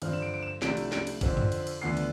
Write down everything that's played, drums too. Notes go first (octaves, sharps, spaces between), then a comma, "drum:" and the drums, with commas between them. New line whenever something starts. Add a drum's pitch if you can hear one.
G2 D3 F3 C4 F6, drum: cymbal
E7
D7
D7
E7
C2 C3 F3 A3 D4 D7, drum: snare
drum: cymbal
D7, drum: snare
drum: cymbal
F2 D3 F3 C4, drum: kick A1, cymbal
drum: tom
drum: cymbal
drum: cymbal
D2 D3 F3 B3 C7
drum: cymbal